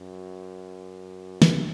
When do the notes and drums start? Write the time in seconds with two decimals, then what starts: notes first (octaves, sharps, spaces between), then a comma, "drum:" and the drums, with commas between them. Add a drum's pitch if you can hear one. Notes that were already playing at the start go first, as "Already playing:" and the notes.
Already playing: F#2
1.42 E2, drum: snare